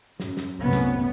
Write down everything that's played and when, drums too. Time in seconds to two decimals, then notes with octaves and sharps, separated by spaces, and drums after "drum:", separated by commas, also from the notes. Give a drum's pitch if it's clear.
0.20 F#2, drum: snare
0.37 drum: snare
0.60 C2 F#2 A2 C3 B3 C#4
0.71 drum: snare